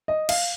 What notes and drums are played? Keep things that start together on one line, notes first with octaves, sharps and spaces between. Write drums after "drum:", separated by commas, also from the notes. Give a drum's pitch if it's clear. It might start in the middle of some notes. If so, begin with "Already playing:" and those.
D#5
F5, drum: cymbal